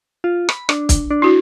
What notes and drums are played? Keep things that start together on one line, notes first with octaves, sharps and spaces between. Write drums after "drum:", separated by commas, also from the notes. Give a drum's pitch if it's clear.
F4
B5, drum: rim click
D4, drum: rim click
drum: kick, hi-hat
D4
E4 F#4